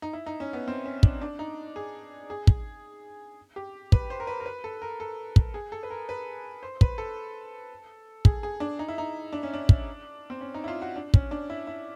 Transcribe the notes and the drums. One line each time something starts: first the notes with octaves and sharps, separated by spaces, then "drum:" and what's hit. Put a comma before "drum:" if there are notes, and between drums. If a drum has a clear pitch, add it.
D#4
E4
D#4
C#4
B3
C4
C#4
D4, drum: kick
D4
D#4
G#4
G#4
drum: kick
G4
B4, drum: kick
C5
A#4
B4
A#4
B4
A4
A#4
A4
drum: kick
G#4
A4
B4
A#4
B4
C5
B4, drum: kick
A4
G#4, drum: kick
G#4
D4
D#4
E4
D#4
D4
C#4
D4
drum: kick
C4
C#4
D#4
E4
F4
F#4
D4
C#4, drum: kick
D4
E4
E4